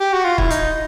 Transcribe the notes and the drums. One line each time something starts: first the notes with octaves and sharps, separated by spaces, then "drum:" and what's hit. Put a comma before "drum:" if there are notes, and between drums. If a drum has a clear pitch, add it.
G4
F#4
F4
E4, drum: kick
D#4, drum: hi-hat